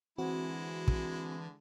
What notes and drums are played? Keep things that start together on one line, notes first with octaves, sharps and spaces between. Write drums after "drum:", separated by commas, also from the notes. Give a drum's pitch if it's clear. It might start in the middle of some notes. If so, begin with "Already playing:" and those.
D3 E3 G#3 C4 E4 F#4
drum: kick